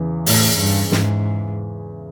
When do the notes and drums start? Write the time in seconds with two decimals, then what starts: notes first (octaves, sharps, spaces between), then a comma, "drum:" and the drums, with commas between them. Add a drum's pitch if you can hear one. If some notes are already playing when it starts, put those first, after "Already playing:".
Already playing: E2 C#3 E3
0.26 A2, drum: open hi-hat
0.59 G2
0.92 G#2, drum: snare